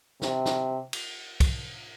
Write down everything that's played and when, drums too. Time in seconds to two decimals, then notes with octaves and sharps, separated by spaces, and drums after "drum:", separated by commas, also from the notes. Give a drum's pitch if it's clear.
0.22 C3, drum: snare
0.45 drum: snare
0.93 drum: cymbal
1.40 drum: kick C2, cymbal